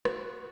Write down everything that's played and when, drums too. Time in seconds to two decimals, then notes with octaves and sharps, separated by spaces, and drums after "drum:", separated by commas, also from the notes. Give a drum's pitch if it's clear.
0.05 F#4, drum: rim click